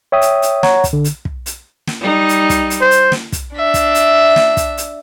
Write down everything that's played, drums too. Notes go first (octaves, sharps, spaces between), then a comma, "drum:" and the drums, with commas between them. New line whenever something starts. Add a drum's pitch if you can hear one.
C#5 E5 G5 D#6
drum: hi-hat
drum: hi-hat
C#5 F#5 A#5, drum: snare
drum: kick, hi-hat
D3
drum: hi-hat
drum: kick
drum: hi-hat
drum: snare
G3 D#4
drum: hi-hat
drum: kick, hi-hat
drum: hi-hat
C5
drum: hi-hat
drum: snare
drum: kick, hi-hat
D4 E5
drum: kick, hi-hat
drum: hi-hat
drum: snare
drum: kick, hi-hat
drum: hi-hat